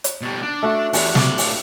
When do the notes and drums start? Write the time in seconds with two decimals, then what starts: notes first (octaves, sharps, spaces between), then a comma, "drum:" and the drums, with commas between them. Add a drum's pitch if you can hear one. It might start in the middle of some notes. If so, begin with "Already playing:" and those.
0.04 drum: hi-hat
0.21 B2 G3
0.43 D4
0.63 A3 F#4
0.93 E2 D4 F#4 G4, drum: open hi-hat
1.15 A2 D5, drum: snare
1.38 drum: open hi-hat